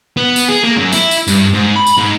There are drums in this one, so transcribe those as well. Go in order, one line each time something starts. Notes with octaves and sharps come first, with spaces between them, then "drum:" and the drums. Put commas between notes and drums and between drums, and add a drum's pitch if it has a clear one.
B3
drum: tambourine
G#4
A#3
F#2
E4, drum: tambourine
drum: tambourine
G2, drum: tambourine
G#2
B5
drum: tambourine
G#2